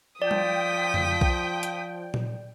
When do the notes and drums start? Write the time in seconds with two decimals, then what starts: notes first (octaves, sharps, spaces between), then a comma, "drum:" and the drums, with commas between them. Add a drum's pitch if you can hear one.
0.22 F3 D5 G5 D#6 B6
0.31 drum: tom G3
0.94 drum: tom F2
1.21 drum: kick B1
1.63 drum: hi-hat
2.14 drum: tom A#2